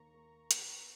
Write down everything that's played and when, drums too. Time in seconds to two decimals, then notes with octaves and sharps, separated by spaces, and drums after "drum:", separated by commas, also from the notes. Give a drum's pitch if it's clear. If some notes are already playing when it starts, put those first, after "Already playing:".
Already playing: D#2 D#3 A#3 A#5 C#6
0.14 A#3
0.51 B3, drum: hi-hat